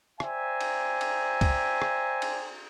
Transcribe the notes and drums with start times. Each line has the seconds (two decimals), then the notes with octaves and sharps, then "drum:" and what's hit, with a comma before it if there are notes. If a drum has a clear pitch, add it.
0.20 C5 D5 E5 G5 G#5 A#5, drum: rim click
0.61 drum: cymbal
1.01 drum: cymbal
1.41 drum: kick C2, cymbal
1.82 drum: rim click
2.22 drum: cymbal